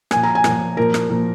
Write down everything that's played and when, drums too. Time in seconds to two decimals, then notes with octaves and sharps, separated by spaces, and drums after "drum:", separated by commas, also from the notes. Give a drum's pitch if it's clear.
0.11 A#2 F3 A#3 G#5, drum: rim click
0.23 A#5
0.35 G#5
0.44 A#2 F3 A#3, drum: rim click
0.77 A#2 F3 A#3 A#4
0.94 drum: rim click
1.10 A#2 F3 A#3